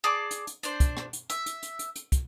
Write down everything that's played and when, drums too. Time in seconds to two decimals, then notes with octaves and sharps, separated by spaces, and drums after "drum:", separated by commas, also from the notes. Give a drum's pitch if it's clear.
0.04 G#4 D5 A5 D6
0.31 drum: hi-hat
0.47 drum: hi-hat
0.63 D4 C5, drum: hi-hat
0.80 drum: kick, hi-hat
0.97 drum: rim click
1.13 drum: hi-hat
1.30 E5, drum: hi-hat
1.46 drum: hi-hat
1.63 drum: hi-hat
1.79 drum: hi-hat
1.96 drum: hi-hat
2.12 drum: kick, hi-hat